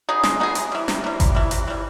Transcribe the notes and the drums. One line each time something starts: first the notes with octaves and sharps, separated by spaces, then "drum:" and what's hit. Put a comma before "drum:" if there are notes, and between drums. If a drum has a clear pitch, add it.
B3 D#4 G#4
G#3, drum: snare
B3 D#4 G#4
C3, drum: hi-hat
E3 G3
C3, drum: snare
E3 G3
C3, drum: kick G1, hi-hat
E3 G3
C3, drum: hi-hat
E3 G3